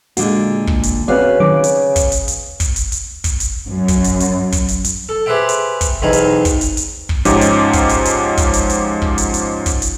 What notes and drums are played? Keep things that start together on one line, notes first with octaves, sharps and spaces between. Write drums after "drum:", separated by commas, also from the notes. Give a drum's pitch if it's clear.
A#2 D3 G#3 F#4, drum: hi-hat
drum: kick
drum: hi-hat
C#3 C4 F#4 B4 D5 F5
D#3 F#3 D6
drum: hi-hat
drum: kick, hi-hat
drum: hi-hat
drum: hi-hat
drum: kick, hi-hat
drum: hi-hat
drum: hi-hat
drum: kick, hi-hat
drum: hi-hat
F#2
drum: kick, hi-hat
drum: hi-hat
drum: hi-hat
drum: kick, hi-hat
drum: hi-hat
drum: hi-hat
A4
G4 G#4 B4 C5 E5 G5
drum: hi-hat
drum: kick, hi-hat
B1 E2 C4 D#4 G#5 B5
drum: hi-hat
drum: kick, hi-hat
drum: hi-hat
drum: hi-hat
drum: kick
G#2 F3 C#4 D#4 G4, drum: hi-hat
drum: hi-hat
drum: kick, hi-hat
drum: hi-hat
drum: hi-hat
drum: kick, hi-hat
drum: hi-hat
drum: hi-hat
drum: kick
drum: hi-hat
drum: hi-hat
drum: kick, hi-hat
drum: hi-hat